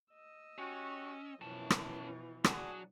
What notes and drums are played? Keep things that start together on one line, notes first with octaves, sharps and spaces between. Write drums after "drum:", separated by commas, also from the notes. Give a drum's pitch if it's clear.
D#5 E6
C#4 F#4 G4
F#2 B2 E3 F3 C#4 A5
drum: rim click
F#3 D4 F#4 G#4, drum: rim click